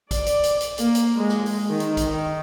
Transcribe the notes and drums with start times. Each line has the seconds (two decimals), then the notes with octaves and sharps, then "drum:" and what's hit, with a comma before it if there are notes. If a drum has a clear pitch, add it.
0.11 D5, drum: kick, hi-hat
0.26 drum: hi-hat
0.43 drum: hi-hat
0.61 drum: hi-hat
0.78 A#3, drum: hi-hat
0.95 drum: hi-hat
1.16 G#3
1.29 drum: snare
1.46 drum: open hi-hat
1.71 D#3
1.80 drum: hi-hat
1.97 drum: kick, hi-hat
2.08 D#3